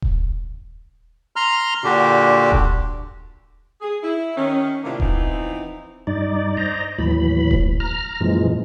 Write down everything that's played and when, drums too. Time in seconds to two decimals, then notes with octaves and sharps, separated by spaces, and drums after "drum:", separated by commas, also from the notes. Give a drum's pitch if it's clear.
0.02 drum: kick D#1
1.36 A#5 C6 F6
1.84 A#2 D3 D4 F#4 G4
2.52 drum: kick D#1
3.81 G#4
4.03 E4
4.37 D#3 C#4
4.84 A2 C3 A#3 D4 F4
5.00 E3 F3 B3 C4 D#4, drum: kick D#1
6.07 G2 D#4 D5
6.57 C5 D5 D#5 A#5
6.98 D#2 A2 E3 F#3 B5
7.51 drum: kick D#1
7.80 A#5 F6
8.21 F#2 A#2 E3 F3 G#3